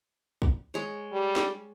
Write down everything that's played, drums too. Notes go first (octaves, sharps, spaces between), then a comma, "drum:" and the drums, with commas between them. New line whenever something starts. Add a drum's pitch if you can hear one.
drum: kick
G#3 C#5
G3
drum: snare